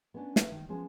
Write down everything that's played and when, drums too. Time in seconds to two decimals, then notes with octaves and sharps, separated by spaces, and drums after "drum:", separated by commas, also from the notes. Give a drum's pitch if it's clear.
0.14 B3 C#4 D4
0.36 B4 E5, drum: snare
0.51 D#3
0.68 F3 G#3 B3 C#4